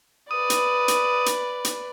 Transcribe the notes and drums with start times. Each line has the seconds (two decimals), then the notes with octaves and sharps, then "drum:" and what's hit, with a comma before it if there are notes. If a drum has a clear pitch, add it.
0.31 B4 D5 D#6
0.50 drum: hi-hat
0.88 drum: hi-hat
1.26 drum: hi-hat
1.65 drum: hi-hat